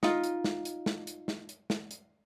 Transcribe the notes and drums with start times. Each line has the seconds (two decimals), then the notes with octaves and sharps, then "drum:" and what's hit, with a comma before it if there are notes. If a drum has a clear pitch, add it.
0.03 D#4 F4, drum: snare
0.24 drum: hi-hat
0.44 drum: snare
0.65 drum: hi-hat
0.86 drum: snare
1.07 drum: hi-hat
1.28 drum: snare
1.49 drum: hi-hat
1.70 drum: snare
1.91 drum: hi-hat